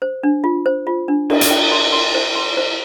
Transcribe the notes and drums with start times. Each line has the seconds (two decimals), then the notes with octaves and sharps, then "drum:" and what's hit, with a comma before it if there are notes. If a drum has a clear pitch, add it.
0.02 C5
0.23 D4
0.44 F4
0.66 C5
0.87 F4
1.08 D4
1.30 D4, drum: cymbal
1.41 drum: hi-hat
1.51 G5
1.72 C6
1.92 C6
2.14 C5
2.36 C6
2.57 C5